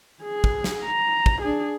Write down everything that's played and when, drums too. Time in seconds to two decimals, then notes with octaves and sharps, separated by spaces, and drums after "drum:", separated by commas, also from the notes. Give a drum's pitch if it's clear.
0.23 G#4
0.44 drum: kick
0.64 drum: snare
0.85 A#5
1.26 drum: kick
1.41 D4 G#4